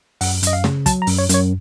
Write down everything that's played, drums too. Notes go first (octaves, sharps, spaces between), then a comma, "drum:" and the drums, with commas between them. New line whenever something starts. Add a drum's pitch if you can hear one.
F#2 F#5, drum: open hi-hat
F#2 D#5, drum: hi-hat
F5
C#3, drum: snare
F#3 A5, drum: kick, hi-hat
A#5
F#2, drum: open hi-hat
C#5
F#2 C#5, drum: hi-hat